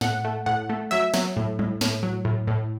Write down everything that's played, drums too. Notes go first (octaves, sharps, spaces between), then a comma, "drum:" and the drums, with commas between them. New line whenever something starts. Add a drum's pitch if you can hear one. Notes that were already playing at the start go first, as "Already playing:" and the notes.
A2 F#5, drum: snare
A3
A2 F#5
A3
F#3 E5
F#3, drum: snare
A2
A2, drum: tom F#3
A2, drum: snare
F#3
A2
A2